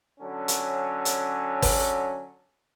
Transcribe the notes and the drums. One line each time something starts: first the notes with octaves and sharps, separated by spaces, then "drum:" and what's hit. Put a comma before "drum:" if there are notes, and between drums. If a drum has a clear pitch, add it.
D3 F#3 C#4
drum: hi-hat
drum: hi-hat
drum: kick G1, open hi-hat